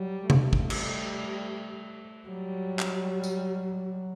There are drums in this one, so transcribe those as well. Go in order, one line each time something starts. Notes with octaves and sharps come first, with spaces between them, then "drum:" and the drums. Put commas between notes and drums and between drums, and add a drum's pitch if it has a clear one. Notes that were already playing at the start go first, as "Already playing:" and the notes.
Already playing: F#3 G3
A3, drum: tom C3
drum: kick
G3, drum: cymbal
F#3 G3
drum: clap
drum: tambourine